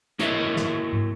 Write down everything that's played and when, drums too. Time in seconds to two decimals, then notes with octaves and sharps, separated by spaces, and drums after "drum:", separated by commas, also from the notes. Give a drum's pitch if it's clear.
0.19 A#3 E4 A#4 C#5 D#5 E5, drum: hi-hat
0.56 drum: snare
0.92 drum: tom